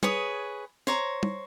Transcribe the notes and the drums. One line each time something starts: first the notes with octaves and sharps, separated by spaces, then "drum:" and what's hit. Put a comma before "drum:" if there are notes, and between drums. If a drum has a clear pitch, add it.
G#4 B4 C#5 D#6, drum: tom
C5 C#5 A#5, drum: snare
drum: tom